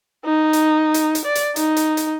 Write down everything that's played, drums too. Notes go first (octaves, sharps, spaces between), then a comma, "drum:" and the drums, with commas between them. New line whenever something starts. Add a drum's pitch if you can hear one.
D#4
drum: hi-hat
drum: hi-hat
drum: hi-hat
D5
drum: hi-hat
D#4, drum: hi-hat
drum: hi-hat
drum: hi-hat